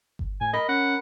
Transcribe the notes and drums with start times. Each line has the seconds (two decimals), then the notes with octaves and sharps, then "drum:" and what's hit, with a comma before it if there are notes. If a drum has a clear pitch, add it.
0.19 drum: kick G1
0.41 A2 G#5
0.53 A#4 D#5 B5
0.69 C#4 F#5